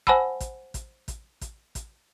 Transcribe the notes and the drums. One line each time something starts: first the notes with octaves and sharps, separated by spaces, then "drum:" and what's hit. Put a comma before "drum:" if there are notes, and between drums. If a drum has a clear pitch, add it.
C5 F#5 G#5 A5 B5 E6, drum: kick
drum: kick, hi-hat
drum: kick, hi-hat
drum: kick, hi-hat
drum: kick, hi-hat
drum: kick, hi-hat